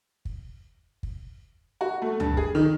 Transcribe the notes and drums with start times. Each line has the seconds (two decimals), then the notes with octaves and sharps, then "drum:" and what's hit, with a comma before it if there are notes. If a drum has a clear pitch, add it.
0.25 drum: kick
1.03 drum: kick
1.81 F#4
2.02 A3
2.20 G2, drum: tom C#2
2.37 G#4, drum: kick
2.55 D#3